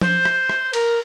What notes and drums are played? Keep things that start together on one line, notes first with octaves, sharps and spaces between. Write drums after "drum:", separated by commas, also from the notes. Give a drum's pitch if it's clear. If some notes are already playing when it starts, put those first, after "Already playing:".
C5, drum: tom F3
drum: rim click
drum: rim click
A#4, drum: cymbal